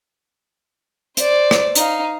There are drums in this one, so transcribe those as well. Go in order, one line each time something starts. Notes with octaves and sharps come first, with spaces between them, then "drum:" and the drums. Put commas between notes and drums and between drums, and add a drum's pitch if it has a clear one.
C5 D5, drum: hi-hat
drum: rim click
D#4 F5, drum: hi-hat